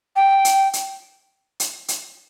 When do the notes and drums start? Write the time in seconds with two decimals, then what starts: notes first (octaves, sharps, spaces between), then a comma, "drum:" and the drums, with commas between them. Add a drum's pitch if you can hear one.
0.15 G5
0.45 drum: hi-hat
0.73 drum: hi-hat
1.60 drum: hi-hat
1.88 drum: hi-hat